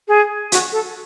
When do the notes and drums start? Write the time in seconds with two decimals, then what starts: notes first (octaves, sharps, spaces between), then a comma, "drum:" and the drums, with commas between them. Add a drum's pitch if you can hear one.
0.08 G#4
0.52 F#4, drum: hi-hat
0.72 A4